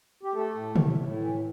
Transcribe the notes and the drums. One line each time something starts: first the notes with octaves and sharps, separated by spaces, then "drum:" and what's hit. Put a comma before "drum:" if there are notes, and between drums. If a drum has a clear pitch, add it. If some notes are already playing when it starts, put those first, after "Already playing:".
G4
A3 A4
A2
A2, drum: tom
A2
E3